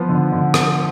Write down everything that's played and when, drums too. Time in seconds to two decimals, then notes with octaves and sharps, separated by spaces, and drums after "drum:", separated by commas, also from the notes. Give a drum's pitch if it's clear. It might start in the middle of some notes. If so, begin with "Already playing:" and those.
Already playing: F3 B3
0.09 D3
0.32 D3
0.54 drum: rim click